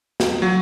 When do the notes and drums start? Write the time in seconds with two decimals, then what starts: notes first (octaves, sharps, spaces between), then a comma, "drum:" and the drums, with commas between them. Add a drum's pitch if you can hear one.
0.20 drum: snare
0.42 F#3